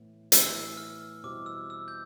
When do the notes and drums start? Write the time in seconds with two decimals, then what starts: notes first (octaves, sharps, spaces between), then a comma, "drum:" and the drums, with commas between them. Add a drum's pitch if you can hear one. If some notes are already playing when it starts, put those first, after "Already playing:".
Already playing: A2 E3 B3 E4
0.32 A2 E3 B3 E4 E6, drum: hi-hat
0.77 F6
1.24 E2 B2 G3 C4 E4 D6
1.46 E6
1.70 E6
1.88 G6